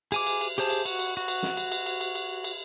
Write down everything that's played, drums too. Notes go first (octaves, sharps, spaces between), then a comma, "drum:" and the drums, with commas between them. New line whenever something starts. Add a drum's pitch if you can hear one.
G#4 G#5 D6, drum: cymbal
drum: cymbal
drum: cymbal
G4 G#4 C5 A5, drum: cymbal
drum: cymbal
F#4, drum: cymbal
drum: cymbal
F#4
drum: cymbal
drum: snare
drum: cymbal
drum: cymbal
drum: cymbal
drum: cymbal
drum: cymbal
drum: cymbal